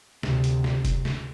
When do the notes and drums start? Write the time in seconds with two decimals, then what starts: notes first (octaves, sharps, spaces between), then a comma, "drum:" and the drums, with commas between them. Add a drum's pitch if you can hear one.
0.23 D2 C3, drum: snare
0.44 drum: hi-hat
0.64 drum: snare
0.85 drum: kick, hi-hat
1.05 drum: snare